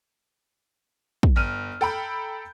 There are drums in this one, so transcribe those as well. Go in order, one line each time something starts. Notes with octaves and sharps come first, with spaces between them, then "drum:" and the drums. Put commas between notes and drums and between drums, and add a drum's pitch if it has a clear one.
drum: kick
G1 F6 D#7
A4 G5 A#5 B5 G6